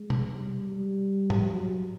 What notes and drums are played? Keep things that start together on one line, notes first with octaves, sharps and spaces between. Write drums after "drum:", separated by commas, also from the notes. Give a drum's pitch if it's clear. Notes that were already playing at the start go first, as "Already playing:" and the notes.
Already playing: G#3
drum: tom B2
G3
G3
drum: tom G#2
F#3